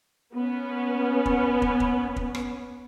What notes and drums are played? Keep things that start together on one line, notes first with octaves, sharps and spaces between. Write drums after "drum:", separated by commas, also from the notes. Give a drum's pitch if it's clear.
B3 C#4
drum: kick
drum: kick
drum: kick
drum: kick
drum: rim click